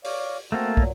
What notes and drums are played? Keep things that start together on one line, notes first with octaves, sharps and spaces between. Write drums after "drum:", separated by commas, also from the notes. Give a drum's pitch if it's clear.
C#5 D5 F5, drum: open hi-hat
A3 A#3 C4 F#4 A4
A#2 F#3, drum: kick